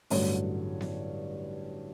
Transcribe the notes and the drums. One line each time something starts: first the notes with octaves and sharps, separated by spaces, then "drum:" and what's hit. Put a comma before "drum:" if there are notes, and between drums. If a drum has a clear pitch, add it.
A1 G2 D3 F#3 C#5, drum: open hi-hat
drum: snare B3